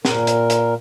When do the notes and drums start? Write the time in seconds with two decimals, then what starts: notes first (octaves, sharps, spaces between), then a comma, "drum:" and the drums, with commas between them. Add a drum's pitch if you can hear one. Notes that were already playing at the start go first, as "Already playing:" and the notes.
0.05 A#2 A#4, drum: snare
0.27 drum: hi-hat
0.50 drum: hi-hat